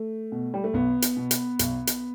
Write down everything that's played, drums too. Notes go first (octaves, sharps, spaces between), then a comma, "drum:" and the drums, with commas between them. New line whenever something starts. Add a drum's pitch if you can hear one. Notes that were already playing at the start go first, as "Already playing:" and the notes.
Already playing: A3
B2
G3
A3
B1 B3
drum: hi-hat
B2
drum: hi-hat
B1, drum: hi-hat
drum: hi-hat